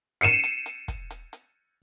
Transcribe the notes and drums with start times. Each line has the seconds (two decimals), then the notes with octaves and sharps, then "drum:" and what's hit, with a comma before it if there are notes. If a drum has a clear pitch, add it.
0.21 C7 C#7 D#7 E7, drum: hi-hat
0.43 drum: hi-hat
0.66 drum: hi-hat
0.88 drum: kick, hi-hat
1.10 drum: hi-hat
1.33 drum: hi-hat